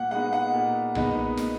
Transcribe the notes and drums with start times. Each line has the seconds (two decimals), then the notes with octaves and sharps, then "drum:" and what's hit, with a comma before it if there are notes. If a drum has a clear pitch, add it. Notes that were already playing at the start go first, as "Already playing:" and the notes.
Already playing: A#2 F#5
0.11 G#3 B3 D#4 F#5
0.33 F#5
0.53 A#2
0.95 G#3 B3 D#4, drum: tom B1
1.37 drum: snare